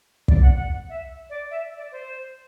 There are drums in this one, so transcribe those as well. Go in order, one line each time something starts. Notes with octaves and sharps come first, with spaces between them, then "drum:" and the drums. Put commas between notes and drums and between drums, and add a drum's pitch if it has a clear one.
D5, drum: kick
F#5
F#5
E5
D5
E5
D5
C5